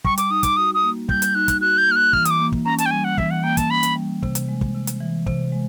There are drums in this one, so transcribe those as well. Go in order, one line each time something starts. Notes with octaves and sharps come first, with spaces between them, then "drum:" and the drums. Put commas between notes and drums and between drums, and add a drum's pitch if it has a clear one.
G3 C#6, drum: kick
D6, drum: hi-hat
D#4 D#6
D6, drum: kick, hi-hat
F#4 D#6
D#6
A#3
G3 G6, drum: kick
drum: hi-hat
D#4 F#6
drum: kick, hi-hat
F#4 F#6
G6
A#3 F6
F#6
E3 F6, drum: kick
D#6, drum: hi-hat
D6
A#3
drum: kick
C#4 A#5
A5, drum: hi-hat
G5
G3 G#5
F#5
E3 E5, drum: kick
F#5
A#3 G5
A5, drum: kick, hi-hat
C#4 B5
drum: hi-hat
G3
C3, drum: kick
drum: hi-hat
G#3
drum: kick
C3
drum: hi-hat
E3
C3, drum: kick
G#3